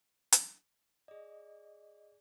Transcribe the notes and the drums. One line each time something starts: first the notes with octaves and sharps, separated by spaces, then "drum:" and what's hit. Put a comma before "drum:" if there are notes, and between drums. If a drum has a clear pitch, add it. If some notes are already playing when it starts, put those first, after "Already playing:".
drum: hi-hat
G#4 D5 D#5